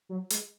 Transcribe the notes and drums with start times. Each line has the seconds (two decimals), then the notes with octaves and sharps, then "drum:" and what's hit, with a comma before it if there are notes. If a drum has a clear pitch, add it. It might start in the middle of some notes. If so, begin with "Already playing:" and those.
0.09 F#3
0.30 G#3, drum: hi-hat